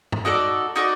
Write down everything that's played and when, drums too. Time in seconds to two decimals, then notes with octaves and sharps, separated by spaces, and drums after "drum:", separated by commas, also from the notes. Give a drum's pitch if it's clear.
0.12 drum: tom
0.25 D#4 F#4 A4 D5
0.76 D#4 F#4 A4 D5